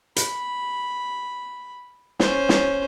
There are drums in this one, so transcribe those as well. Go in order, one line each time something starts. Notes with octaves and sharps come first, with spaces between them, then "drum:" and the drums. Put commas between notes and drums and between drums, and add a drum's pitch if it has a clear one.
B5, drum: hi-hat
C#4 C5, drum: snare
drum: snare